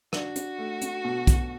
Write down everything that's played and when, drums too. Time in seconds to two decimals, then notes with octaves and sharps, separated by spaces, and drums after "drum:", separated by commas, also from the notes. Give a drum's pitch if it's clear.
0.13 D4 F#4, drum: rim click
0.36 drum: hi-hat
0.58 A3
0.82 drum: hi-hat
1.05 B2
1.27 drum: kick, hi-hat